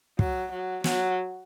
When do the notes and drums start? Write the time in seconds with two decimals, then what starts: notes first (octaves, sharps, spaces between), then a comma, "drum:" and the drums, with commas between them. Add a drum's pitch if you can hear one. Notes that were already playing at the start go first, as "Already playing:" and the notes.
0.19 F#3, drum: kick
0.52 F#3
0.84 F#3, drum: snare